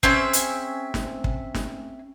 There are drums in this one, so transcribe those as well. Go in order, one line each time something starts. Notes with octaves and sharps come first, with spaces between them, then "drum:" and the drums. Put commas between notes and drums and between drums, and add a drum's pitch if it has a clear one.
C4 C#4 G#4 E5, drum: kick
drum: hi-hat
drum: snare
drum: kick
drum: snare